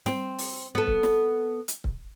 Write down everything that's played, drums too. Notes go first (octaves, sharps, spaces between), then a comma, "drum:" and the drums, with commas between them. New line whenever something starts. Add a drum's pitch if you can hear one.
C4, drum: snare
drum: open hi-hat
B3 A4
drum: kick C#1
drum: snare
drum: hi-hat
drum: kick C#1